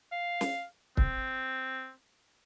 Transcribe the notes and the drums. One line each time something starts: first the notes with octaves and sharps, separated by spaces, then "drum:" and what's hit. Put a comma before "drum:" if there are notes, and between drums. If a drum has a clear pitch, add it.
F5
drum: snare
C4, drum: kick